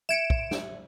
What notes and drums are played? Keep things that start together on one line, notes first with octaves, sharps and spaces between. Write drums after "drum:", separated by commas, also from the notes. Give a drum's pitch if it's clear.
E5 G#6 C#7 D7 E7
drum: kick
drum: snare